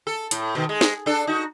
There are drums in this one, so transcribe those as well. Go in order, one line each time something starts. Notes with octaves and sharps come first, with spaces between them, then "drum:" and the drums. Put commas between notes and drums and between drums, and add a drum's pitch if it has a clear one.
A4
A2, drum: hi-hat
B2 D#3
G#3
drum: snare
D4 A4
D#4 F#4